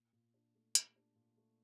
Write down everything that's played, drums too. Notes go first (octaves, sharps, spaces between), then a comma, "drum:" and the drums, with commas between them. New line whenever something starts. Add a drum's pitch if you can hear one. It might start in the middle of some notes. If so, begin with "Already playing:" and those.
Already playing: A#2
A#2
D4
A3
G4, drum: hi-hat
D4
A#2
A3